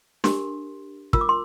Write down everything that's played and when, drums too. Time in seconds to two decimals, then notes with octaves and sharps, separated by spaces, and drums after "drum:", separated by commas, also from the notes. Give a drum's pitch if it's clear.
0.24 D4 G4 A#4 C6, drum: snare
1.13 F4 A#4 E6, drum: kick
1.21 D6
1.29 C6